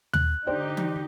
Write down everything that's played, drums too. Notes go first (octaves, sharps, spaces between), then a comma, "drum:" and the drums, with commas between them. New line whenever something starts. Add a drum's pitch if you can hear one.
F#6, drum: tom D#2
D3 D#4 G4 C5 D5 G5
drum: tom E3